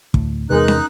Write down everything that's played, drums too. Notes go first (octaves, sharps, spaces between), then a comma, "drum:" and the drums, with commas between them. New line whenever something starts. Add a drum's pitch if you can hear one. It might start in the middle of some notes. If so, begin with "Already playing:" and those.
D2 A2, drum: kick
E2 C3 G#3 D#4 A#4 B4 F#6
drum: snare